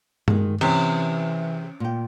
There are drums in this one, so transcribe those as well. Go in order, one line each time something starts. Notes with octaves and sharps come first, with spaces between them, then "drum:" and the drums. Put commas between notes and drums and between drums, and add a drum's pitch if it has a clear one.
D#3 G#3, drum: tom G2
C3 E3 C4 C#4, drum: cymbal
A#2 G5